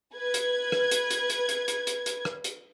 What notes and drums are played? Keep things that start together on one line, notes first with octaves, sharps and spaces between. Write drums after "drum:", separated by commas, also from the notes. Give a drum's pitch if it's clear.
B4 G#6
drum: hi-hat
drum: rim click
drum: hi-hat
drum: hi-hat
drum: hi-hat
drum: hi-hat
drum: hi-hat
drum: hi-hat
drum: hi-hat
drum: rim click
drum: hi-hat